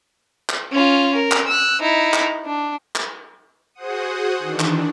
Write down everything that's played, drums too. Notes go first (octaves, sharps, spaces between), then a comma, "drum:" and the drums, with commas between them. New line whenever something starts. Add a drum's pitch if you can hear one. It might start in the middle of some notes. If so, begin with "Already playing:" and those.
drum: clap
C#4 F4
A#4
drum: clap
E6 F#6
D#4 E4
drum: clap
D4
drum: clap
F#4 G#4 C5 F#5 D#6
D#3 E3 D4
drum: clap